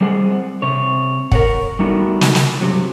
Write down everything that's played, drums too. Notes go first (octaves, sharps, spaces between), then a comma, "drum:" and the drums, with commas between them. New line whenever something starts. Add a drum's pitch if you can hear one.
G3 C4 G#4 F#5
C3 C#5
A#4 C#5 F#5, drum: kick
G3 A3 B3 D4 D#4 F#4
drum: snare
drum: snare
G2 C3 F#3